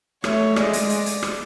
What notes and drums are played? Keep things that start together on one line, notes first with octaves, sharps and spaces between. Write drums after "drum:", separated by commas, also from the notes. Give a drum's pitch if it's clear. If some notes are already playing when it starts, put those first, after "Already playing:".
A3 C#5, drum: rim click
G#3 D5, drum: rim click
drum: hi-hat
drum: hi-hat
drum: hi-hat
drum: rim click